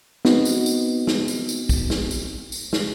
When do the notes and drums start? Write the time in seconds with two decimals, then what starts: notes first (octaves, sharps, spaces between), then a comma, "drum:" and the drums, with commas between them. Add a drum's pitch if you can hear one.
0.25 B3 C4 D#4 F#4, drum: snare
0.45 drum: tambourine
0.66 drum: tambourine
1.07 drum: snare
1.28 drum: tambourine
1.49 drum: tambourine
1.69 drum: kick, tambourine
1.90 drum: snare
2.11 drum: tambourine
2.52 drum: tambourine
2.73 drum: snare